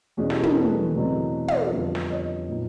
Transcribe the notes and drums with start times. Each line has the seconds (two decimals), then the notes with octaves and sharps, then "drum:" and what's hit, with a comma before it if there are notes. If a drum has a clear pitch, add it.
0.17 E2 B2 G#3 C#4 F#4 G#4
0.30 G4 A4, drum: snare
0.43 G#4 A#4, drum: tom
0.56 A4 B4
0.94 E2 B2 F#3 A3 C4
1.48 drum: tom
1.72 F2 D3 G3 B3 D4
1.95 drum: snare
2.10 C#5 D#5
2.49 A#2 F#3 B3 D#4